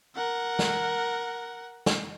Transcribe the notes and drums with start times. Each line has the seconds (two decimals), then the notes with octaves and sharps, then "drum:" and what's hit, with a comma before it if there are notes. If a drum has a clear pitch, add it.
0.15 A#4 F#5
0.59 drum: snare
1.86 drum: snare